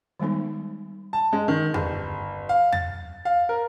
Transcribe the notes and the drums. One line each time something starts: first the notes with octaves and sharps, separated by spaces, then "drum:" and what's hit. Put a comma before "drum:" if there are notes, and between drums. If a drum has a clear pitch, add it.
D#3 G3 G#3 B3 D#4
A5
G#3
D#3
G1, drum: tom E2
F5
A6, drum: tom E2
F5
A#4